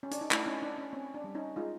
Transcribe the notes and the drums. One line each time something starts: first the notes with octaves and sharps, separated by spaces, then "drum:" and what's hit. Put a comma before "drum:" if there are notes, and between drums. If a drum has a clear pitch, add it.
C#4
D4, drum: hi-hat
D#4
A3 D4 E4, drum: clap
C#4 D#4
C#4 D4
C#4
C4 C#4
D4
G3
C#4 D#4
G#3 D#4 F4